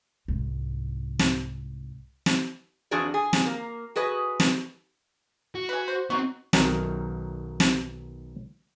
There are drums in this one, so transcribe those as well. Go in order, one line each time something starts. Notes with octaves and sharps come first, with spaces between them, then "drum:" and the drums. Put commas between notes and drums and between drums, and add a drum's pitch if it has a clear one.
C2 G#2
drum: snare
drum: snare
F2 E3 D4 F#4 G#4 D5
G#4
drum: snare
A#3
F#4 G#4 B4 D#5
drum: snare
F#4
G#4 B4
C5
B3 C4 D#4 F#4
B1 D#3 F#3 A#4 G5, drum: snare
drum: snare